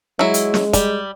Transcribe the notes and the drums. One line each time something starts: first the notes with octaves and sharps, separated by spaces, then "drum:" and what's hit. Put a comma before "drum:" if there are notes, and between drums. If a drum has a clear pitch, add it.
F#3 G#3 E4
drum: hi-hat
drum: snare
G3, drum: kick, hi-hat